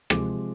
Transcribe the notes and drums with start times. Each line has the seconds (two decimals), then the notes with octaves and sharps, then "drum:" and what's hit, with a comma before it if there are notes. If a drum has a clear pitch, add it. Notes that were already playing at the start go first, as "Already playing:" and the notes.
0.10 C3 F3 G#3 D6, drum: rim click